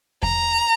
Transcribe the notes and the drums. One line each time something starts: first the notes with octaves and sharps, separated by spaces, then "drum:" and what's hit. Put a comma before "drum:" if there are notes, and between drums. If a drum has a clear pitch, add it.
A#5, drum: kick E2